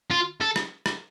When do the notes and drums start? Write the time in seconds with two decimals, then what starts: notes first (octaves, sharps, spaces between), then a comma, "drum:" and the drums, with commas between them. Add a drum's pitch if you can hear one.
0.11 F4
0.41 A4
0.56 drum: rim click
0.86 drum: rim click